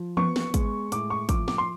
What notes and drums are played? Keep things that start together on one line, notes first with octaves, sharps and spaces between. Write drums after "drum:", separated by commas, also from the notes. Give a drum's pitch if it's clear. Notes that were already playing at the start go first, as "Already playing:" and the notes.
Already playing: F3
B3 C#6, drum: tom E3
drum: snare
G#3, drum: kick, hi-hat
A2 D6, drum: hi-hat
C#6
F3 D6, drum: kick, hi-hat
D6, drum: snare
C6